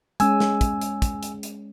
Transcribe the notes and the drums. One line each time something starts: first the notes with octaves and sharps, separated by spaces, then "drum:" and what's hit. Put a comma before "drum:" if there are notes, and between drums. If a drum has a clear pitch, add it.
G#3 C#4 G#5 E6, drum: hi-hat
drum: snare
drum: kick, hi-hat
drum: hi-hat
drum: kick, hi-hat
drum: hi-hat
drum: hi-hat